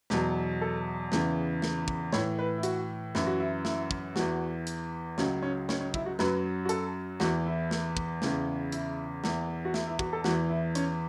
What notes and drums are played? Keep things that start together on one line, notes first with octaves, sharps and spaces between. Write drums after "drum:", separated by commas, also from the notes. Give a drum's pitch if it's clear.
E2 B2 F#3, drum: snare
A4
E2 C#3 E3, drum: snare
drum: snare
drum: kick
A2 E3 C#5, drum: snare
B4
E4
F#4, drum: hi-hat
F#2 E3 E4, drum: snare
F#4
E4
E4, drum: snare
drum: kick
E2 E3 F#4, drum: snare
drum: hi-hat
C#2 C#3 F#3 C#4, drum: snare
C#4
C#4, drum: snare
C#4
E4, drum: kick
F#4
F#2 F#3 B4, drum: snare
F#4
A4, drum: hi-hat
E2 E3 F#4, drum: snare
E4
drum: snare
drum: kick
E2 C#3 E3, drum: snare
E4, drum: hi-hat
E2 E3, drum: snare
F#4
E4, drum: snare
E4
F#4, drum: kick
A4
E2 E3 F#4, drum: snare
E4
C#4, drum: hi-hat